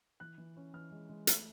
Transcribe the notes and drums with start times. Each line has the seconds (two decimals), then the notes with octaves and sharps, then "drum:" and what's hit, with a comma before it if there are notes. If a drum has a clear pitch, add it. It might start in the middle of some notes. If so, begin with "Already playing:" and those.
0.20 E3 F#6
0.38 E3
0.57 C#4
0.74 E3 F6
0.92 G#3
1.09 G#3
1.27 A3, drum: hi-hat